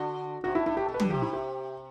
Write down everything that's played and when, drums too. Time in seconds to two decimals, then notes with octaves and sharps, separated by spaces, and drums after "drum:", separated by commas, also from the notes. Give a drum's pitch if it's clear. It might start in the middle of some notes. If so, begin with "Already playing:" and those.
Already playing: D3 F#4
0.44 C3 F#4
0.55 A2 E4
0.66 G2 E4
0.77 A2 G4
0.86 B2 A4
0.94 B4
1.00 D3 G4, drum: tom
1.10 C3 G4
1.22 E4
1.33 G4